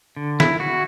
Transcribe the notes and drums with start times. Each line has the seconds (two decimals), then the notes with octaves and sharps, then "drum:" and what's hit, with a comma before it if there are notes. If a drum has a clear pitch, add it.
0.16 D3
0.40 E4, drum: snare
0.60 F#4